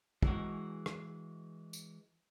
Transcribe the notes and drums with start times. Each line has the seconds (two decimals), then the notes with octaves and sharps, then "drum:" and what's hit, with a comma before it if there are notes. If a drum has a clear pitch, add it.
0.23 E3 G#3 F#4, drum: kick
0.86 drum: rim click
1.73 drum: tambourine